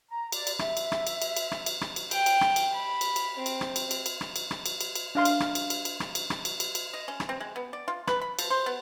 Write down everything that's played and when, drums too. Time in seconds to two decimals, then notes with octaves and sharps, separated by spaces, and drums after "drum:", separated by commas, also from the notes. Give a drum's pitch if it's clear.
0.09 A#5
0.32 D5, drum: cymbal
0.47 drum: cymbal
0.59 E5, drum: rim click
0.77 drum: cymbal
0.92 drum: rim click
1.07 drum: cymbal
1.22 drum: cymbal
1.37 drum: cymbal
1.51 drum: rim click
1.66 drum: cymbal
1.81 drum: rim click
1.96 drum: cymbal
2.11 G5, drum: cymbal
2.26 drum: cymbal
2.41 drum: rim click
2.56 drum: cymbal
2.74 B5
3.01 drum: cymbal
3.16 drum: cymbal
3.37 C4
3.46 drum: cymbal
3.61 drum: rim click
3.76 drum: cymbal
3.91 drum: cymbal
4.06 drum: cymbal
4.21 drum: rim click
4.36 drum: cymbal
4.51 drum: rim click
4.66 drum: cymbal
4.81 drum: cymbal
4.95 drum: cymbal
5.15 D4 F5 C6
5.25 drum: cymbal
5.40 drum: rim click
5.55 drum: cymbal
5.70 drum: cymbal
5.85 drum: cymbal
6.00 drum: rim click
6.15 drum: cymbal
6.30 drum: rim click
6.45 drum: cymbal
6.60 drum: cymbal
6.75 drum: cymbal
6.94 D#5
7.08 C#4
7.20 drum: rim click
7.29 C4
7.40 G#3
7.56 B3
7.73 D5
7.88 F4
8.07 B4, drum: rim click
8.21 B5
8.39 F3, drum: cymbal
8.51 C5
8.66 B3